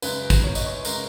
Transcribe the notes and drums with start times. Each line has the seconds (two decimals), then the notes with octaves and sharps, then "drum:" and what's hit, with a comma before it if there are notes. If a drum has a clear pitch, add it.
0.02 F#2 C#3 G#3 B4, drum: tambourine
0.30 drum: kick, tambourine
0.44 C#5
0.55 D#5, drum: tambourine
0.66 C#5
0.85 C#3 G#3 A#4, drum: tambourine